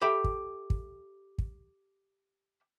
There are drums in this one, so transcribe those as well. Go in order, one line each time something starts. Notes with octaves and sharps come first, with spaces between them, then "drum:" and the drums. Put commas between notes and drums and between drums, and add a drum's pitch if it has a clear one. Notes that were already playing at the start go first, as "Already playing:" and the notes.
G4 A4 E5 G5 B5
drum: kick
drum: kick
drum: kick